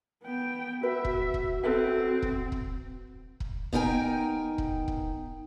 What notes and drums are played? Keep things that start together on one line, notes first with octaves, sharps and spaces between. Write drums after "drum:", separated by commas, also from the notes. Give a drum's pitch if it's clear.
B3 G5
F#4 B4 E5
drum: kick
drum: kick
C4 A4 B4 E5
drum: kick
drum: kick
drum: kick
B3 D#4 A#4 G5 G#5, drum: kick
drum: kick
drum: kick